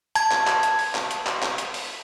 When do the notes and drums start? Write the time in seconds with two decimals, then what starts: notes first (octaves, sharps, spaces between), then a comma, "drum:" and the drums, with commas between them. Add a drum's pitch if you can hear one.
0.15 A5 G#6, drum: hi-hat
0.31 drum: clap
0.47 drum: clap
0.63 drum: hi-hat
0.79 drum: open hi-hat
0.95 drum: clap
1.11 drum: hi-hat
1.27 drum: clap
1.42 drum: clap
1.58 drum: hi-hat
1.74 drum: open hi-hat